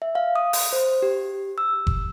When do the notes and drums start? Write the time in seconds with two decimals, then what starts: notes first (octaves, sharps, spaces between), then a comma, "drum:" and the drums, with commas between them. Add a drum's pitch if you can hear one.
0.02 E5
0.15 F5
0.36 D#6
0.53 drum: open hi-hat
0.73 C5
1.02 G4
1.58 E6
1.87 drum: kick F#1